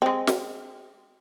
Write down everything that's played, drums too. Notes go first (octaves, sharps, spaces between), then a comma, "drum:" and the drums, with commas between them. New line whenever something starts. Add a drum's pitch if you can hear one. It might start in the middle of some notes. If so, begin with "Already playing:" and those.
G#3 C4
drum: snare